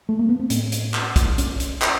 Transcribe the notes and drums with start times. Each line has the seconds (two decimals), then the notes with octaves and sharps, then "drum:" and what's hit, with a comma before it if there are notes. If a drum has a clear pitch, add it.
0.09 A3
0.19 A#3
0.29 B3
0.39 C4
0.50 A2 C#4, drum: hi-hat
0.72 drum: hi-hat
0.94 drum: clap
1.16 drum: kick, hi-hat
1.38 C#4, drum: hi-hat
1.60 drum: hi-hat
1.82 drum: clap